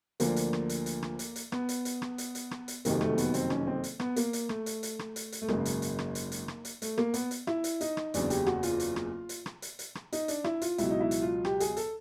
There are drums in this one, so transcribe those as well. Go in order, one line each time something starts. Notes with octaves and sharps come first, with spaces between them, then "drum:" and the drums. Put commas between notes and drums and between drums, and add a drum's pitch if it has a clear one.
D2 D3 F3 A#3, drum: hi-hat
drum: hi-hat
drum: rim click
drum: hi-hat
drum: hi-hat
drum: rim click
drum: hi-hat
drum: hi-hat
B3, drum: rim click
drum: hi-hat
drum: hi-hat
drum: rim click
drum: hi-hat
drum: hi-hat
drum: rim click
drum: hi-hat
F#1 F2 C3 D#3 F#3 A#3, drum: hi-hat
A3, drum: rim click
B3, drum: hi-hat
C4, drum: hi-hat
C#4, drum: rim click
C4
drum: hi-hat
B3, drum: rim click
A#3, drum: hi-hat
drum: hi-hat
A3, drum: rim click
drum: hi-hat
drum: hi-hat
drum: rim click
drum: hi-hat
drum: hi-hat
A3
G#1 F#2 C#3 A#3, drum: rim click
drum: hi-hat
drum: hi-hat
drum: rim click
drum: hi-hat
drum: hi-hat
drum: rim click
drum: hi-hat
A3, drum: hi-hat
A#3, drum: rim click
B3, drum: hi-hat
drum: hi-hat
E4, drum: rim click
drum: hi-hat
D#4, drum: hi-hat
drum: rim click
F#1 E2 C#3 F#3 D4, drum: hi-hat
G4, drum: hi-hat
F#4, drum: rim click
F4, drum: hi-hat
drum: hi-hat
drum: rim click
drum: hi-hat
drum: rim click
drum: hi-hat
drum: hi-hat
drum: rim click
D#4, drum: hi-hat
D4, drum: hi-hat
E4, drum: rim click
F4, drum: hi-hat
C#2 B2 F#3 E4, drum: hi-hat
D#4
E4
drum: hi-hat
F4
G4, drum: rim click
G#4, drum: hi-hat
A4, drum: hi-hat